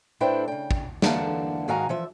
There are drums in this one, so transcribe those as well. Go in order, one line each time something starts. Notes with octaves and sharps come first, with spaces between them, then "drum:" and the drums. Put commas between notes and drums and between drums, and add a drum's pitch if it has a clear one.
A2 D4 E4 B4 C5 G5
C#3 G5
drum: kick
D3 E3 A#3 F#5 A5, drum: snare
G#2 D#3 F#4 F5 G#5 A#5
E3 F3 E5